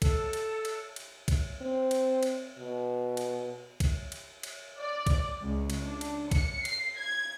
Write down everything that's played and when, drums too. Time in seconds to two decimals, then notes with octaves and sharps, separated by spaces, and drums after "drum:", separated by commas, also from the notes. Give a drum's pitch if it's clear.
0.02 A4, drum: kick, cymbal
0.33 drum: cymbal
0.65 drum: cymbal
0.96 drum: cymbal
1.28 drum: kick, cymbal
1.62 C4
1.91 drum: cymbal
2.23 drum: cymbal
2.58 B2
3.17 drum: cymbal
3.80 drum: kick, cymbal
4.12 drum: cymbal
4.43 drum: cymbal
4.79 D5
5.07 drum: kick, cymbal
5.43 C#2
5.70 drum: cymbal
5.82 D4
6.01 drum: cymbal
6.31 C#7, drum: kick, cymbal
6.65 C7, drum: cymbal
6.99 G#6